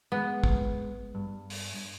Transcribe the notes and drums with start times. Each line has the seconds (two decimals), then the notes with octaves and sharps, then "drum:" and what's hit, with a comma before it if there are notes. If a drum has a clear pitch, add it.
0.12 G#3 B3
0.44 drum: kick
1.15 G2
1.50 drum: open hi-hat